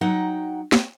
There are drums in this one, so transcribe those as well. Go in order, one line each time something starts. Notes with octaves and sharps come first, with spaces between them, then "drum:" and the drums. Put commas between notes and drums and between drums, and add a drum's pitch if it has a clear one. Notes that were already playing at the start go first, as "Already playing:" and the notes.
F#3 D#4 F#5 G5
drum: snare